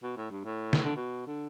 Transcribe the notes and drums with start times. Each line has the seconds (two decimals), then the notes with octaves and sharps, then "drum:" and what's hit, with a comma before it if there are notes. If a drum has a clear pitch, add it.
0.03 B2
0.17 A2
0.31 G2
0.45 A2
0.73 drum: snare
0.84 D3
0.96 B2
1.27 D3